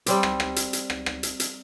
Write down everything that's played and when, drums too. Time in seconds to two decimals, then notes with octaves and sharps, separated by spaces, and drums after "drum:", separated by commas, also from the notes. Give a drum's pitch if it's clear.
0.06 G3 C4 D5, drum: hi-hat
0.23 drum: rim click
0.40 drum: rim click
0.56 drum: hi-hat
0.73 drum: hi-hat
0.90 drum: rim click
1.06 drum: rim click
1.23 drum: hi-hat
1.40 drum: hi-hat